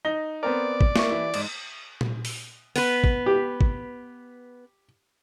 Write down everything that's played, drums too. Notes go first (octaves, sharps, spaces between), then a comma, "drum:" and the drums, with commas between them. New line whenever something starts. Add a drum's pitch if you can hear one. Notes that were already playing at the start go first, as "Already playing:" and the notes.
D#4 A#6 G7
B3 C4 A#4 D5
drum: kick
E4 C#6, drum: snare
E3 E4
G#2, drum: cymbal
drum: tom A#2
drum: open hi-hat
B3 B4, drum: open hi-hat
drum: kick
G4
drum: kick